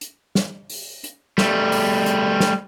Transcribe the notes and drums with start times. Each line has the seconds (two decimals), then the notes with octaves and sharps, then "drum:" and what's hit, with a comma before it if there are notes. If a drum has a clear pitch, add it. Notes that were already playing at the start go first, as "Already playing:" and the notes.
0.01 drum: hi-hat
0.35 drum: snare
0.70 drum: open hi-hat
1.04 drum: hi-hat
1.38 G3 A3, drum: snare
1.72 drum: open hi-hat
2.06 drum: hi-hat
2.40 drum: snare